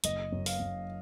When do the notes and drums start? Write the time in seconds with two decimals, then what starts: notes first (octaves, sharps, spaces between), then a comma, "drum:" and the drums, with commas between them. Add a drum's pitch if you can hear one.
0.04 F#1 D#5, drum: hi-hat
0.32 F#2
0.46 F5, drum: open hi-hat
0.60 F#2